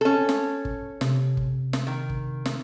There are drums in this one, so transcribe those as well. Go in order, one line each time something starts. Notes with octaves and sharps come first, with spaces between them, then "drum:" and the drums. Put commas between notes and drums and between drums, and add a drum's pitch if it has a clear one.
C#4 A4
drum: snare
drum: kick
C3, drum: snare
drum: kick
drum: snare
D#3
drum: kick
drum: snare